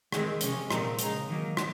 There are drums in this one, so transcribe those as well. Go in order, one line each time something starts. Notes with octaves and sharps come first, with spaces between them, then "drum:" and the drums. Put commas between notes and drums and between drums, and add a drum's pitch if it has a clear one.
D#3 G#3 C4, drum: rim click
C3 F3 G#3 C#4, drum: hi-hat
A#2 F3 C4 D#4, drum: rim click
C#3 G#3 D#4, drum: hi-hat
D#3 F#3 A#3
drum: rim click